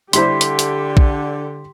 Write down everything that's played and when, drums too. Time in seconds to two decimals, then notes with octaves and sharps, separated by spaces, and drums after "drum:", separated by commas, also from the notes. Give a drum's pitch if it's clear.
0.13 D3 G3 E4 G4 C5 C6 B6, drum: hi-hat
0.41 drum: hi-hat
0.59 drum: hi-hat
0.97 drum: kick A#1